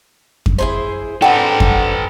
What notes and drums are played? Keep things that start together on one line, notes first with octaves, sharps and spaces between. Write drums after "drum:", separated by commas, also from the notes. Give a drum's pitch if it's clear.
drum: kick F2
E4 G#4 C5
C4 D4 A4 B4 F#5 G5
drum: kick F2